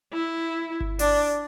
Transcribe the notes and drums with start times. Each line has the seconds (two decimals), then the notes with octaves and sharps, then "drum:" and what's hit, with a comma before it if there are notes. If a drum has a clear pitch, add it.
0.13 E4
0.81 drum: kick G1
0.99 D4, drum: open hi-hat